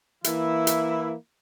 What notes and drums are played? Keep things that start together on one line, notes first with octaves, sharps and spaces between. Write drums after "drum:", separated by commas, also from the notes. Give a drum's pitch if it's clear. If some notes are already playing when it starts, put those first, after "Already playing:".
E3 A#3 E4, drum: hi-hat
drum: hi-hat